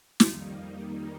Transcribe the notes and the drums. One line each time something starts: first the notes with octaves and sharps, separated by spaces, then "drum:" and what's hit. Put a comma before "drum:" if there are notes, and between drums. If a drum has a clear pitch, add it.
F2 D#3 G3 A#3 D#4, drum: snare